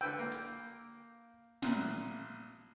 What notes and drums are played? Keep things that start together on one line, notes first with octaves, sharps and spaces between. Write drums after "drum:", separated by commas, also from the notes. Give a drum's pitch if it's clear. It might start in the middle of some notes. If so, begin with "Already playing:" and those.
D3 B4 G5 E6
A#3
drum: hi-hat
A1 A#2, drum: snare